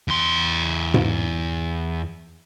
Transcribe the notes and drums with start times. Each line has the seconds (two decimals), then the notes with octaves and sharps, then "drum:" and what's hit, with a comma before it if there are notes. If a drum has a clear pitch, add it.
0.08 E2 C6
0.94 drum: tom G#2